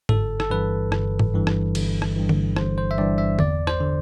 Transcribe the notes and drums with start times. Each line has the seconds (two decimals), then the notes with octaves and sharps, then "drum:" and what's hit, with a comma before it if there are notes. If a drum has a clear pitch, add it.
0.09 G1 A4, drum: tom G#2
0.40 A4, drum: rim click
0.50 G2 E3 B4
0.92 G1, drum: rim click
1.19 drum: tom G#2
1.34 G2 E3
1.47 drum: rim click
1.75 G1, drum: cymbal
2.02 drum: rim click
2.16 G2 E3
2.29 drum: tom D3
2.56 G1 C5, drum: rim click
2.78 C5
2.91 E5
2.98 G2 E3 D5
3.18 E5
3.39 E2 D5, drum: tom D3
3.67 C5, drum: rim click
3.80 D3